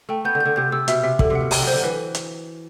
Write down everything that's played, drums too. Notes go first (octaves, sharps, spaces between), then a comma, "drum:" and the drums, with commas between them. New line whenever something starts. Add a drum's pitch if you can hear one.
A3 G5
B3 G6
D3
G6
D3
C3 G6
C3 E6
B2 E5, drum: hi-hat
C3 E5
D3 A4, drum: kick
C3
F#5
B2
C3 G5, drum: open hi-hat
F#3 C5
D3
E3 B4
drum: hi-hat